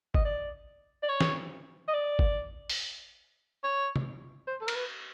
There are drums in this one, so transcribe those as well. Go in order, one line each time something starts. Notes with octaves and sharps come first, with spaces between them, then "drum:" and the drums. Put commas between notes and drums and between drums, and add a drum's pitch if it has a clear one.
D#5, drum: kick G#1
D5
D5
C#5
drum: snare
D#5
D5
drum: kick G#1
drum: open hi-hat
C#5
drum: tom
C5
A4
A#4, drum: cymbal
B4